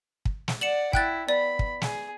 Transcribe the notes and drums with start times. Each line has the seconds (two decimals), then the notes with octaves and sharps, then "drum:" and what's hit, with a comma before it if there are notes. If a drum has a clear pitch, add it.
0.25 drum: kick
0.48 drum: snare
0.61 D5 F#5 C#7 E7 F#7
0.93 E4 G5 F#6 A6, drum: kick
1.29 B3 D5 B5
1.59 drum: kick
1.81 G#4, drum: snare